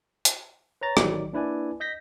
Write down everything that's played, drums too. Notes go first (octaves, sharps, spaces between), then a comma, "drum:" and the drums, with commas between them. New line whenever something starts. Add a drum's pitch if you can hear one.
drum: hi-hat
B4 C#5 A#5 A6
A1 D#3 F#3 D#4 D5, drum: rim click
A#3 D4 E4 B4 D5 G#5
D#5 G6 A#6 B6